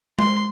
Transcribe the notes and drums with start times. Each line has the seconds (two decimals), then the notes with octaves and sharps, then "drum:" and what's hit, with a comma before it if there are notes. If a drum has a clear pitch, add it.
0.19 C6, drum: tom G#3